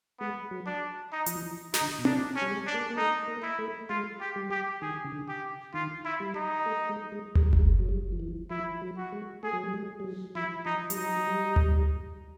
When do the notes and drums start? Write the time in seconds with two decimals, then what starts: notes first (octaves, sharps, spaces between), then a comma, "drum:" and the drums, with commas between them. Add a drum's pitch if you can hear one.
0.20 G#3 B3
0.51 F#3
0.66 D4
1.12 D#4
1.26 F3, drum: hi-hat
1.35 E3
1.74 D#4, drum: snare
1.81 D3
1.99 B2
2.05 C3 D4, drum: tom C4
2.35 C#4
2.42 G3
2.51 G#3
2.66 D4
2.74 A#3
2.90 A#3
2.97 A3 D#4
3.28 A#3
3.43 E4
3.59 A3
3.89 G#3 F4
4.21 G4
4.36 G3
4.51 G4
4.82 D#3 G#4
5.05 C#3
5.12 D3
5.28 G4
5.74 D#3 F4
6.05 E4
6.20 G3
6.35 D#4
6.66 A3
6.89 G#3
7.12 G#3
7.35 G3, drum: tom D2
7.53 G3, drum: kick F#1
7.59 G#3
7.79 F#3
7.89 G3
8.12 F3
8.20 E3
8.50 F3 E4
8.82 F#3
8.97 F#4
9.12 G#3
9.43 A3 G#4
9.53 F#3
9.64 G3
9.74 G#3
10.00 G3
10.04 F#3
10.35 F3 E4
10.66 F3 D#4
10.90 G3, drum: hi-hat
10.97 F#3 D#4
11.17 F#3
11.27 G3
11.56 drum: tom D2